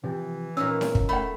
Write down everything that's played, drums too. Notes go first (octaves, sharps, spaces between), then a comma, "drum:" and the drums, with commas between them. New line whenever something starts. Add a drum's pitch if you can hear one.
C3 E3 F3
A#2 C#4 D#4 F4 C#5 E6
drum: snare E4
drum: kick
A3 G5 B5